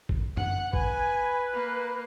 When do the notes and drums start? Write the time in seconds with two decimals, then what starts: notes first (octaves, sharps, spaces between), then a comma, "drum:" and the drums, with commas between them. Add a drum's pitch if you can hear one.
0.09 drum: kick
0.37 F#5, drum: tom F#2
0.73 B4 G#5, drum: kick
1.54 A#3